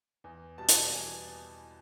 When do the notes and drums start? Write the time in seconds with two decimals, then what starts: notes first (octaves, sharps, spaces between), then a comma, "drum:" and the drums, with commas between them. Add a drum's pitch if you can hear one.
0.24 E2
0.58 B2 G3 A5
0.69 drum: hi-hat
0.93 E2 G#5